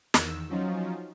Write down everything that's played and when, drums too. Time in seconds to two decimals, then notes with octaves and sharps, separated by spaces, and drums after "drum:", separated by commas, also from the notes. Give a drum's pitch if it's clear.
0.14 E2 D#3 E6, drum: snare
0.49 F3 F#3 C#4 D#4 F4